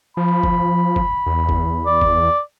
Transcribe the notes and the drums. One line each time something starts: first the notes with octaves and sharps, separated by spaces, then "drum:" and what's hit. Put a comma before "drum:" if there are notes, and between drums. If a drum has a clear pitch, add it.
F3 B5
drum: kick
drum: kick
E2
drum: kick
D5
drum: kick